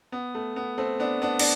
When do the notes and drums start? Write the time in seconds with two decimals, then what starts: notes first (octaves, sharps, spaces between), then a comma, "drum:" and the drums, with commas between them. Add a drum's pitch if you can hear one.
0.12 B3
0.35 A3
0.56 B3
0.78 A3 C4
1.00 B3 D4
1.22 B3 D4
1.39 D4, drum: cymbal